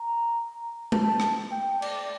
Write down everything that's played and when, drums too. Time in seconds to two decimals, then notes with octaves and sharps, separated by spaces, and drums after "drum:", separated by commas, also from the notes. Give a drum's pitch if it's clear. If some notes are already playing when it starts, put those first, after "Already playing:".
Already playing: A#5
0.92 A5, drum: tom G#3
1.20 drum: rim click
1.52 G5
1.82 D5, drum: cymbal